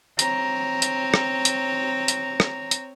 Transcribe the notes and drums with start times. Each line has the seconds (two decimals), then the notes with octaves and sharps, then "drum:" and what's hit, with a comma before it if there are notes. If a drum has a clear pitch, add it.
0.19 C4 C#5 A#5, drum: hi-hat
0.82 drum: hi-hat
1.14 drum: rim click
1.45 drum: hi-hat
2.08 drum: hi-hat
2.40 drum: rim click
2.71 drum: hi-hat